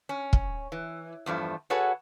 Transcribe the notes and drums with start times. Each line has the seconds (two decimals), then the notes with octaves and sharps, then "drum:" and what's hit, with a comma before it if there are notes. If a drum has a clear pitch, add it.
0.09 C#4
0.33 drum: kick
0.72 E3
1.26 E2 G2 F3 A3
1.70 F#4 G#4 A4 B4 C#5 F#5